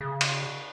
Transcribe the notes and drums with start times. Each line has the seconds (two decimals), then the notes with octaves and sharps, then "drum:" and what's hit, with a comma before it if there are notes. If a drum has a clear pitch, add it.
0.01 C#3
0.21 drum: cymbal